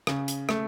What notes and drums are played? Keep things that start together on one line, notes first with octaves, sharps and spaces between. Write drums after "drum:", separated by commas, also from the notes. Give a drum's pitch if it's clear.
C#3, drum: rim click
drum: hi-hat
A3, drum: rim click